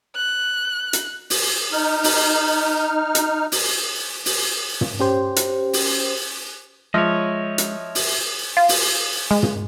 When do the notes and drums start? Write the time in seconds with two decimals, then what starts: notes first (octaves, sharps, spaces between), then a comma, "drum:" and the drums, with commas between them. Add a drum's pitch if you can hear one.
0.16 F#6
0.93 drum: hi-hat
1.30 drum: open hi-hat
1.73 D#4 F6
2.04 drum: open hi-hat
3.15 drum: hi-hat
3.52 drum: open hi-hat
4.26 drum: open hi-hat
4.81 drum: tom
4.99 C#4 G4 C5
5.36 drum: hi-hat
5.73 drum: open hi-hat
6.94 F3 G#3 C#5 D#5 E5
7.58 drum: hi-hat
7.95 drum: open hi-hat
8.57 F4
8.69 drum: open hi-hat
9.31 G#3
9.43 drum: tom